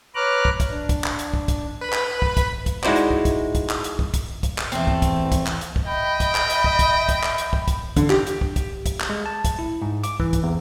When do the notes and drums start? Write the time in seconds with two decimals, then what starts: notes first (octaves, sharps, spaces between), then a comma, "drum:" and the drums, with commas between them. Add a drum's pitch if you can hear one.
0.15 B4 C#5 A#5 D6 F6 F#6
0.45 drum: kick
0.60 drum: kick, hi-hat
0.71 D4
0.89 drum: kick, hi-hat
1.04 drum: clap
1.19 drum: hi-hat
1.34 drum: kick
1.48 drum: kick, hi-hat
1.81 B4 B5
1.93 drum: clap
2.22 drum: kick
2.37 drum: kick, hi-hat
2.66 drum: kick, hi-hat
2.84 G#3 D#4 E4 F#4 C5 D5, drum: clap
2.96 drum: hi-hat
3.10 drum: kick
3.25 drum: kick, hi-hat
3.55 drum: kick, hi-hat
3.69 drum: clap
3.84 drum: hi-hat
3.99 drum: kick
4.14 drum: kick, hi-hat
4.43 drum: kick, hi-hat
4.58 drum: clap
4.72 E2 A3 C4, drum: hi-hat
4.87 drum: kick
5.02 drum: kick, hi-hat
5.32 drum: kick, hi-hat
5.46 drum: clap
5.61 drum: hi-hat
5.76 drum: kick
5.87 D#5 E5 G5 B5
6.20 drum: kick, hi-hat
6.35 drum: clap
6.50 drum: hi-hat
6.64 drum: kick
6.79 drum: kick, hi-hat
7.09 drum: kick, hi-hat
7.23 drum: clap
7.38 drum: hi-hat
7.53 drum: kick
7.68 drum: kick, hi-hat
7.96 D3, drum: kick, hi-hat
8.10 G4, drum: clap
8.27 drum: hi-hat
8.41 drum: kick
8.56 drum: kick, hi-hat
8.86 drum: kick, hi-hat
9.00 drum: clap
9.09 G#3
9.26 A5
9.45 drum: kick, hi-hat
9.59 E4
9.82 G#2
10.04 D6, drum: hi-hat
10.20 E3, drum: kick
10.33 drum: kick, hi-hat
10.43 E2